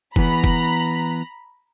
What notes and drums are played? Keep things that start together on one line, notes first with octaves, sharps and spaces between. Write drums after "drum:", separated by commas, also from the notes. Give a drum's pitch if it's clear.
E3 B3 A#5 B5, drum: kick F1
drum: kick F1